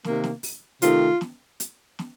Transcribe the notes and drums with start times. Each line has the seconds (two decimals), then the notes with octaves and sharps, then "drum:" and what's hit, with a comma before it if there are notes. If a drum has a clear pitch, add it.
0.04 C3 D#3 A#3, drum: snare
0.24 drum: snare
0.43 drum: open hi-hat
0.82 C3 D#3 A3 F4, drum: hi-hat
1.21 drum: snare
1.60 drum: hi-hat
1.99 drum: snare